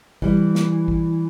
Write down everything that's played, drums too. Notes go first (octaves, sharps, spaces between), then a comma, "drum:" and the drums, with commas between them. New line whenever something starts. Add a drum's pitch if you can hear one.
E3 G3, drum: kick
drum: snare
drum: kick